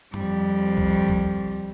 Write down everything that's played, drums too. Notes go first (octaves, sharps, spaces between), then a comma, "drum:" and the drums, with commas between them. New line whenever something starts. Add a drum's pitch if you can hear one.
F2 G3, drum: tom G2
drum: kick C2
drum: kick C2